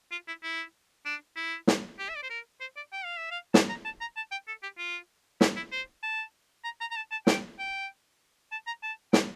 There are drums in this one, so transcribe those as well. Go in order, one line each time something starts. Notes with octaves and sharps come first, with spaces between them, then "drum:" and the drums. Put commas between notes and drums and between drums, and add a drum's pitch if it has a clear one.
F4
E4
E4
D4
E4
drum: snare
G4
E5
D5
C5
A#4
C5
D5
G5
F5
E5
F5
A5, drum: snare
A#5
A5
A#5
A5
G5
A4
G4
F4
E4, drum: snare
E4
C5
A5
A#5
A#5
A#5
A5
A5
G5, drum: snare
G5
A5
A#5
A5
G5, drum: snare